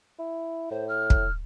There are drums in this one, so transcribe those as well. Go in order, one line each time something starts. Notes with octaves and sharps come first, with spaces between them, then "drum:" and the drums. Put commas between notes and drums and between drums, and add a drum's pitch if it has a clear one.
E4
A2 C5
F6
drum: kick